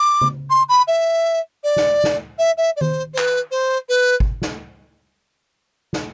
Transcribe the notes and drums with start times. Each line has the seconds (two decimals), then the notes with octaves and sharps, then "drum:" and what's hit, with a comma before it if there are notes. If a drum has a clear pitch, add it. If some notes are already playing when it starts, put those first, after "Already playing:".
Already playing: D6
0.21 drum: tom C#3
0.50 C6
0.69 B5
0.88 E5
1.64 D5
1.77 drum: snare
2.04 drum: snare
2.39 E5
2.58 E5
2.76 D5
2.81 C5, drum: tom D#3
3.14 C5
3.18 B4, drum: clap
3.51 C5
3.89 B4
4.20 drum: kick G#1
4.42 drum: snare
5.93 drum: snare